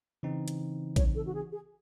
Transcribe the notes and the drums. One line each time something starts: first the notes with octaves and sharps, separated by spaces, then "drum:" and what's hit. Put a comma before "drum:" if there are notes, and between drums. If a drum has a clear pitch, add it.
C#3 E3 C4 D#4
drum: hi-hat
C#5, drum: kick A1, hi-hat
A4
F#4
G#4
G#4